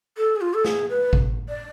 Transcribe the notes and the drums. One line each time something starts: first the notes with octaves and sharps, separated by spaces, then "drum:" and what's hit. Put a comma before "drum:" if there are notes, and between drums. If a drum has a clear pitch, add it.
A4
G#4
F4
A4
G#4, drum: snare
B4
drum: kick G#1
D5